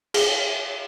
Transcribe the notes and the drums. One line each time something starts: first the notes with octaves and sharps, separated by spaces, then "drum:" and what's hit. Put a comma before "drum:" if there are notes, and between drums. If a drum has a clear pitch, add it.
G#4, drum: cymbal